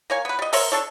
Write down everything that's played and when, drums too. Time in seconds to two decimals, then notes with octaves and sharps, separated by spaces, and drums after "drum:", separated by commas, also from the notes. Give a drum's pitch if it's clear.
0.10 A#3 C#5 G#5
0.25 B3 B4
0.39 G3 D#5
0.53 A#4 C5 C#5 E5, drum: open hi-hat
0.72 D4 A4 C#5